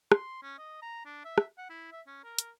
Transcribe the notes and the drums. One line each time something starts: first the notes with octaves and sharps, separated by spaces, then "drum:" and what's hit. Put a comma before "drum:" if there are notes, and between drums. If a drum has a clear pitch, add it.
C6, drum: rim click
C#4
D#5
A#5
D4
E5
drum: rim click
F#5
E4
E5
C#4
A#4
drum: hi-hat